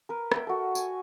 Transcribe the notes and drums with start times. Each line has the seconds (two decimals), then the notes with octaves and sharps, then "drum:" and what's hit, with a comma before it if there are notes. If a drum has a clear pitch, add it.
0.09 A#4 B4
0.32 E5 G5, drum: rim click
0.47 F#4 A4
0.75 G#5, drum: tambourine